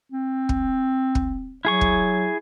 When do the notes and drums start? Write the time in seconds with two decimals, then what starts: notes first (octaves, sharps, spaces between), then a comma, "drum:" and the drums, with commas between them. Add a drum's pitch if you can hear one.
0.12 C4
0.49 drum: kick
1.15 drum: kick
1.65 F#3 E4 G#4 C#6
1.81 drum: kick